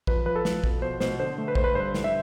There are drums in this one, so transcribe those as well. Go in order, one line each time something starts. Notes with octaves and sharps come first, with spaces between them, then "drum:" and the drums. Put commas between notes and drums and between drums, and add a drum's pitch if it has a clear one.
F3 B4, drum: kick A1
F3 B4
A4
F3, drum: snare
B2, drum: kick A1
B2 C5
B2 C5, drum: snare
D3 C5
A3
B4
A3 C5, drum: kick A1
B4
G2 C5
D3, drum: snare
E5